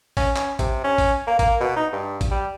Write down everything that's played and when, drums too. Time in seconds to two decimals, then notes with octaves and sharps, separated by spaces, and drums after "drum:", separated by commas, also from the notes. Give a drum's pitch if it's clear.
0.17 C#4, drum: kick A1, open hi-hat
0.36 C#4, drum: clap
0.59 C3, drum: kick A1, hi-hat
0.84 C#4
0.98 drum: kick A1, open hi-hat
1.27 A#3
1.39 A#3, drum: kick A1, hi-hat
1.60 B2
1.76 D#4
1.93 G2
2.21 drum: kick A1, hi-hat
2.31 G3